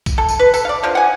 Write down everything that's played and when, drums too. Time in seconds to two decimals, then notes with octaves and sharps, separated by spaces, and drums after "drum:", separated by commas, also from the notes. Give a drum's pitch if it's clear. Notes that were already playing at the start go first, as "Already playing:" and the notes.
0.06 drum: kick, tambourine
0.18 A4
0.28 drum: tambourine
0.39 B4
0.54 A4, drum: tambourine
0.65 D5 F5
0.83 D3 F3 F4
0.95 F#5 G#5